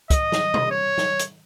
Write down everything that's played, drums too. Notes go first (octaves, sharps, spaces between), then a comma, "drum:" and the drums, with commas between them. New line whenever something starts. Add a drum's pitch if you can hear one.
D#5, drum: kick, hi-hat
drum: snare
drum: tom
C#5
drum: snare
drum: hi-hat